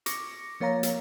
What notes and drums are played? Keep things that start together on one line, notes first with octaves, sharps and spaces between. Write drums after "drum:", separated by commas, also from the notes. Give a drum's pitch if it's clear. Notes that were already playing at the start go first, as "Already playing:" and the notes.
C#6 D6 A#6 C#7, drum: hi-hat
F3 A#3 C#5 F5 A#5 A#6
drum: hi-hat